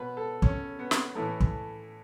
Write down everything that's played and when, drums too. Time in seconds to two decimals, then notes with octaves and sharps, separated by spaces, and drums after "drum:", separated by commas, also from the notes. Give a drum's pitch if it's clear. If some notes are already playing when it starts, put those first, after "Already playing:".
Already playing: B2 B4
0.17 A4
0.42 C#4, drum: kick
0.79 B3
0.91 drum: snare
1.15 A2 E3 A3
1.40 drum: kick